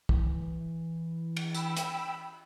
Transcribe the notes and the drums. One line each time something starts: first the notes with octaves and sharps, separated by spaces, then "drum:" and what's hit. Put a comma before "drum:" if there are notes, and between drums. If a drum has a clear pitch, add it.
E3, drum: kick
drum: cymbal
G5 B5 E6, drum: tambourine
drum: hi-hat